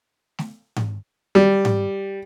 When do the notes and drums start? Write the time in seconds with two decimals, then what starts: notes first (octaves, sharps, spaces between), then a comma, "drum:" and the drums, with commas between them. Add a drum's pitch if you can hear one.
0.39 drum: snare A3
0.76 drum: tom G#2
1.35 G3
1.65 drum: tom G#2